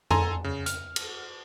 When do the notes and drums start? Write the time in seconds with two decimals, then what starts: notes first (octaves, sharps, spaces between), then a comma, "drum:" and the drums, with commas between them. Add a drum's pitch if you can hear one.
0.11 A4 G#5 A#5 C6, drum: tom F2
0.44 C#3
0.66 F6, drum: hi-hat
0.96 drum: cymbal